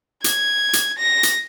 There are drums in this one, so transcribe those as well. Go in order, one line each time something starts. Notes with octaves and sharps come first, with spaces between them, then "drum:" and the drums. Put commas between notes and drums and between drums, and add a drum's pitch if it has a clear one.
G#6, drum: hi-hat
drum: hi-hat
A#6
drum: hi-hat